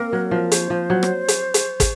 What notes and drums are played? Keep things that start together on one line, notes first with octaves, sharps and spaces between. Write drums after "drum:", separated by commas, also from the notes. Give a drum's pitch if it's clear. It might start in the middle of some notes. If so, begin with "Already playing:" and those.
Already playing: A#3 C4 A#4
F#3
F3
C5, drum: hi-hat
F3
F#3
drum: rim click
drum: hi-hat
drum: hi-hat
drum: kick, hi-hat